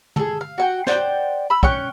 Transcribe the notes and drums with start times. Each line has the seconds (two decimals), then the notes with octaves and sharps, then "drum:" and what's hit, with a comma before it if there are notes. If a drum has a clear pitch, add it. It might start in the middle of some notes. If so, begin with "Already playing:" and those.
0.16 G#4 A4, drum: tom
0.41 F5
0.58 F#4 F#5 G5
0.87 C5 D5 F#5 G5, drum: snare
1.50 B5 E6
1.63 C#4 G5 C#6 F#6, drum: kick